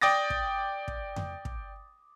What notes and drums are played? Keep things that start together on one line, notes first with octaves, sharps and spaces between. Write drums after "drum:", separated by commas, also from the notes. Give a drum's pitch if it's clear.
D5 G5 D6 D#6 A6 A#6
drum: kick
drum: kick
drum: tom F2
drum: kick